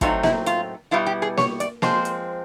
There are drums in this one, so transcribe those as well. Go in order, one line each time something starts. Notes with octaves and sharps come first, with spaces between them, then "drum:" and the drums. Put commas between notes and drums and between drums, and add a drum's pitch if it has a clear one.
A2 F#3 A3 C4 D#4 F4, drum: kick, hi-hat
E4, drum: snare A#3
F4, drum: hi-hat
B2 G3 B3 E4 F4
G4
G#4
C#5, drum: snare A#3
D5, drum: hi-hat
F3 G#3 C4 C5, drum: snare A#3
drum: hi-hat